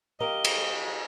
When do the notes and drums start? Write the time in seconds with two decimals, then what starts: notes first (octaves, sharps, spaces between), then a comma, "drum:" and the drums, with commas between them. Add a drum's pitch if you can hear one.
0.20 G4 A#4 D#5 F5 G7
0.45 drum: cymbal